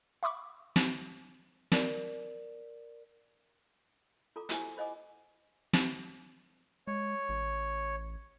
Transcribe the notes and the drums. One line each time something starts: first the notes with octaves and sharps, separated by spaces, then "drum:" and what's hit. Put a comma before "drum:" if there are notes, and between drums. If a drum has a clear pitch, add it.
E5 B5 C#6 D6
drum: snare
A#4 D5, drum: snare
F4 A4 A#5 D6
E4 F4 G4 C5 G#5 C#6, drum: hi-hat
F4 C5 D#5 F#5 G#5 D6
drum: snare
G#3 C#5
A1